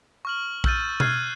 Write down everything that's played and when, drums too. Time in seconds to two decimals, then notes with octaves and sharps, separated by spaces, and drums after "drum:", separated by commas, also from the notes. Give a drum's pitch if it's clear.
0.25 C#6 F6 F#7
0.64 E6 F6 G6 A6 D#7, drum: kick A#1
1.00 F6 F#6 G#6 C7, drum: tom B2